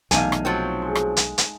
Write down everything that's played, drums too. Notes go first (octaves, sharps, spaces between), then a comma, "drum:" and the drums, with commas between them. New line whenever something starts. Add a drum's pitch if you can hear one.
B1 E2 C3 A3 D#4 F5 G#5, drum: hi-hat
drum: rim click
F3 F#3 C4 A4
G#3
drum: rim click
drum: hi-hat
drum: hi-hat